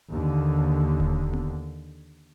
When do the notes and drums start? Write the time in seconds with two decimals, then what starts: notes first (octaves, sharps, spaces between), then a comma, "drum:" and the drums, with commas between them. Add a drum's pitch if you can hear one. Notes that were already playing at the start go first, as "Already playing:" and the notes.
0.11 D#2 D3
1.00 drum: kick D1
1.34 drum: tom B3